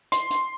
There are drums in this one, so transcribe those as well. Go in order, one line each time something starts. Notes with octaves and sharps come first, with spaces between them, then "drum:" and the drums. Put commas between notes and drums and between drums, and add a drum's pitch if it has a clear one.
C6, drum: hi-hat
drum: hi-hat